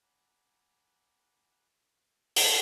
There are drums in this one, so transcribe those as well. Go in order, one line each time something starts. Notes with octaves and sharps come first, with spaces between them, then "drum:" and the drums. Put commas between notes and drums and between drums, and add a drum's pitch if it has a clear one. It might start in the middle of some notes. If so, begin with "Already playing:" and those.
F#5 G#5 A#5 B5 D6 F#6
drum: open hi-hat